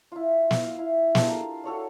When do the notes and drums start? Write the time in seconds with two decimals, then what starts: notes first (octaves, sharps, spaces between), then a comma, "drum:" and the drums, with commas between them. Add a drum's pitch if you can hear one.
0.12 E4 F4
0.51 drum: snare
0.63 F5
0.79 E4
1.15 D4 F4 G4 G#4, drum: snare
1.27 A4 A#4 F5 A#5
1.64 F#4 A4 C#5 D5